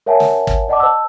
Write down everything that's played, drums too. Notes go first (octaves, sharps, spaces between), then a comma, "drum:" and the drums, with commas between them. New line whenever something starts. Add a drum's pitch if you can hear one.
A#4 C#5 E5 F#5 G#5 A5
drum: snare
drum: kick
D5 D#5 F#5 A5 D6
C5 D#5 A5 E6